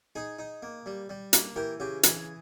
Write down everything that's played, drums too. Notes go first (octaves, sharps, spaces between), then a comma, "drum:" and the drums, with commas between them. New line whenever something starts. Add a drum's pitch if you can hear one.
D#4 G#4
D#4
A#3
G3
G3
A#3, drum: hi-hat
E3 G4 A#4
C#3 G4
E3 G#4, drum: hi-hat